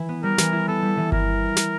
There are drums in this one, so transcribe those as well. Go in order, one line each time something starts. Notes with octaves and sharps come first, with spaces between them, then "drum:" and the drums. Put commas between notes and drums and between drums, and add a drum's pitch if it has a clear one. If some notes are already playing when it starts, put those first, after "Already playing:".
Already playing: E3 E4
B3
G3 A#4
E3, drum: snare
E4
B3 A4
G3
E3
E4 A#4, drum: kick G1
drum: snare